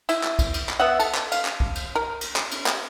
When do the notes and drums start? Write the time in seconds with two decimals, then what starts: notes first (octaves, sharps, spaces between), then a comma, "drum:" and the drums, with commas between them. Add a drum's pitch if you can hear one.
0.09 E4, drum: cymbal
0.24 drum: clap
0.39 drum: kick, cymbal
0.54 drum: cymbal
0.69 drum: clap
0.80 B3 E5 F#5
0.99 A4, drum: cymbal
1.15 drum: clap
1.32 F5, drum: cymbal
1.45 drum: clap
1.60 drum: kick
1.75 drum: cymbal
1.95 A#4
2.21 drum: cymbal
2.36 drum: clap
2.51 drum: cymbal
2.66 drum: clap